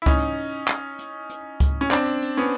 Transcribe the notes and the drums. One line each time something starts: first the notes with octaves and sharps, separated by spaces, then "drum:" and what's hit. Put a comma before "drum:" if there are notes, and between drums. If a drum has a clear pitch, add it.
E4
C#4 D#4, drum: kick C#2, hi-hat
drum: clap
drum: hi-hat
drum: hi-hat
drum: kick C#2, hi-hat
C#4
C4 D4, drum: clap
drum: hi-hat
B3 C#4